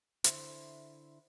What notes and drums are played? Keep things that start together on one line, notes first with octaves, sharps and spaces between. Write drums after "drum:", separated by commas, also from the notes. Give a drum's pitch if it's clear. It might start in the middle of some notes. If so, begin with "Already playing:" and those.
D3 E4 C5 E5, drum: hi-hat